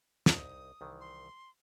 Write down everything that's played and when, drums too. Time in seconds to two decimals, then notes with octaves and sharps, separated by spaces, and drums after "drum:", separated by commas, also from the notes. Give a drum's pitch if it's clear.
0.26 C2 D#4 D#6, drum: snare
0.81 C2 D#3 E3
1.00 C6